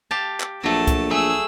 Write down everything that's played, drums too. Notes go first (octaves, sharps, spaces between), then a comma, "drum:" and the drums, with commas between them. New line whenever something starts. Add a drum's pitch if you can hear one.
G4 F5 A5
drum: clap
A#1 F#3 A3 A5
drum: kick C2, hi-hat
A3 G#4 E6